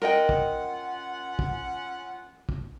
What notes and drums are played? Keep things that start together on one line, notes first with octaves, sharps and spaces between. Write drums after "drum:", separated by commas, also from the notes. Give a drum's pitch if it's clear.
C#4 F4 A#4 D#5 F#5 G5
drum: kick
drum: kick
drum: kick